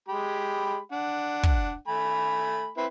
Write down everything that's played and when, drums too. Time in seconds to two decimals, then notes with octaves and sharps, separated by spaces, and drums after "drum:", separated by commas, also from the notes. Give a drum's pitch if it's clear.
0.08 G#3 G4 B5
0.92 D4 F#5
1.43 drum: kick
1.88 A3 G#5 B5
2.77 C4 E4 B4